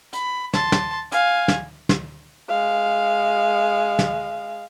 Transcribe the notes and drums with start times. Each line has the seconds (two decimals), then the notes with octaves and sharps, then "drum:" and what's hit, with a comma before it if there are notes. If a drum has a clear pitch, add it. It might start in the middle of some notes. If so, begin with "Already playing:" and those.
0.13 B5, drum: hi-hat
0.54 A5 C6, drum: snare
0.72 drum: snare
1.12 F5 G#5, drum: hi-hat
1.48 drum: snare
1.89 drum: snare
2.50 G#3 F5
3.99 drum: snare